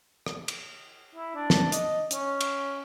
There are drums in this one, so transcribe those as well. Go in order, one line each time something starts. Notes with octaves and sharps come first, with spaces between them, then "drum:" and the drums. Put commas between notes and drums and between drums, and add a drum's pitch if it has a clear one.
drum: rim click
drum: cymbal
E4
D4
drum: snare
D#5, drum: hi-hat
C#4, drum: hi-hat
drum: cymbal